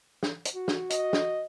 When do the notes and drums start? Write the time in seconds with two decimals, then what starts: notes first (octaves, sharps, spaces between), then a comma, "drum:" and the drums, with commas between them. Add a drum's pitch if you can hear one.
0.23 drum: snare
0.45 drum: hi-hat
0.55 F#4
0.68 drum: snare
0.90 D#5, drum: hi-hat
1.13 drum: snare